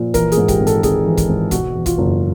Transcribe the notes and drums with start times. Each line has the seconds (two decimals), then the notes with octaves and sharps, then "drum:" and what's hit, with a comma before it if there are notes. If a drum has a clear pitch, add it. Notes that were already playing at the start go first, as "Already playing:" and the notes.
Already playing: A#2 F3
0.14 E3 A#4, drum: kick, hi-hat
0.32 G#4, drum: hi-hat
0.37 G#2
0.48 G4, drum: kick, hi-hat
0.61 G#1
0.67 A4, drum: hi-hat
0.83 G#1 G#4, drum: kick, hi-hat
1.06 E3
1.17 drum: kick, hi-hat
1.29 G#2
1.51 B2 F#4, drum: kick, hi-hat
1.75 E2
1.86 F4, drum: kick, hi-hat
1.98 F#1